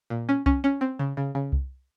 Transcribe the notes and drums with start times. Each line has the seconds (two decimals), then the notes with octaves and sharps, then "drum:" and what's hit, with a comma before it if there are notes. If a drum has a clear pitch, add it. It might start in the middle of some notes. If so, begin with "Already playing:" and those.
0.10 A#2
0.29 C#4
0.46 C#4, drum: kick C2
0.64 C#4
0.81 C4
0.99 C#3
1.17 C#3
1.35 C#3
1.52 drum: kick C2